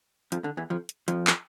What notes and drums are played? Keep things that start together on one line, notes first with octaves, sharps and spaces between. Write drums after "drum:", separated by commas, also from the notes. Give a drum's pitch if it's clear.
F2 F3, drum: hi-hat
D3
E2 E3
F2 F3
drum: hi-hat
F2 F3, drum: hi-hat
drum: clap